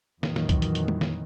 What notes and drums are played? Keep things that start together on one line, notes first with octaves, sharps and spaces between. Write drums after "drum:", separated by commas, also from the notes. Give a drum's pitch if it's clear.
F2 A#2 D#3 E3 F#3, drum: snare
drum: snare
drum: kick C2, hi-hat
drum: hi-hat
drum: hi-hat
drum: tom G3
drum: snare